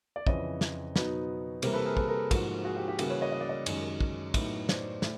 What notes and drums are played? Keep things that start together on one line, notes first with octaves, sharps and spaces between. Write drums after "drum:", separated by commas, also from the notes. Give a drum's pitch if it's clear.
D5
F2 C#3 E3 C#5 D#5, drum: kick
drum: snare
B2 F#3 B3 D#4, drum: snare
C3 E3 G3 A#3 A#4 C5, drum: cymbal
A4 B4
G#4 A#4
A4 B4, drum: kick
G#4 A#4
G#2 F3 A#3 F#4, drum: kick, cymbal
F#4 G#4
G4
G4
C#3 E3 G3 A#3 F#4 G#4, drum: cymbal
B4 C#5
C#5 D#5
D#5
D5
C#5 D#5
F#2 D#3 G#3, drum: cymbal
drum: kick
A2 F#3 B3 D#4, drum: kick, cymbal
C5 D5, drum: snare
A2, drum: snare